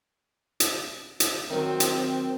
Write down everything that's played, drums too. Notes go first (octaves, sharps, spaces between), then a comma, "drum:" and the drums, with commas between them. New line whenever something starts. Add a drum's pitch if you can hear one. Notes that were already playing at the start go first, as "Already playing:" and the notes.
drum: hi-hat
drum: hi-hat
D#3 F#3 C4
drum: hi-hat